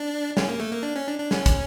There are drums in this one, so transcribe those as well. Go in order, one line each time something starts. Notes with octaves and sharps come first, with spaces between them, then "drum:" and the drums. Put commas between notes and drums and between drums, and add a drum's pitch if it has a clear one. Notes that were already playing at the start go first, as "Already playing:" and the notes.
Already playing: D4
C#4, drum: snare
A#3
A3
A#3
D4
C#4
D4
D4
C#4, drum: snare
drum: kick, hi-hat